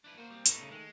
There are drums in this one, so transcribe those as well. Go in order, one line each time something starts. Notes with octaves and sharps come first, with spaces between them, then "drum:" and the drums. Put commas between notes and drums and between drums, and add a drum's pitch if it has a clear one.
D4 E4 B4
A#3 F#4 C5
G3 C4
G3 A3 B3 D#4, drum: hi-hat
C#3
D#3 G#3